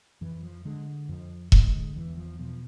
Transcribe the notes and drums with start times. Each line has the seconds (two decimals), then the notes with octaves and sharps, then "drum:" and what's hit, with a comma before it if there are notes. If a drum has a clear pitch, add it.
0.21 F2 E3
0.43 F3
0.65 D3 G#3
1.09 F2 F3
1.52 D3 G#3, drum: kick E1
1.96 E2 E3
2.17 F3
2.39 B2 F3